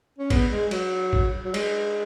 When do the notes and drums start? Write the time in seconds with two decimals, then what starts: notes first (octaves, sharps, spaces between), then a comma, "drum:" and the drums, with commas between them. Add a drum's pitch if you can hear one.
0.19 C#4
0.30 B3, drum: kick, cymbal
0.51 G#3
0.71 F#3, drum: cymbal
1.13 drum: kick
1.44 F#3
1.54 G#3, drum: cymbal